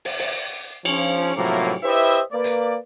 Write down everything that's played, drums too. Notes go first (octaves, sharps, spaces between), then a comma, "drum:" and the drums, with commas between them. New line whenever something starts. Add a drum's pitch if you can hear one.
drum: open hi-hat
drum: open hi-hat
F3 C#4, drum: cymbal
A2 C3 F3 F#3 A#3
E4 G4 B4 C5 D#5 E5
A#3 B4 D5
drum: hi-hat